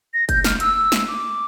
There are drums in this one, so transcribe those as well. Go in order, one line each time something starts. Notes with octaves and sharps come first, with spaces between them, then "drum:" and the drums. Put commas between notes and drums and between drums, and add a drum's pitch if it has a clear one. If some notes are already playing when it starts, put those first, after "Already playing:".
A#6
G6, drum: kick F#1, hi-hat
F6, drum: snare
E6, drum: hi-hat
drum: snare
D6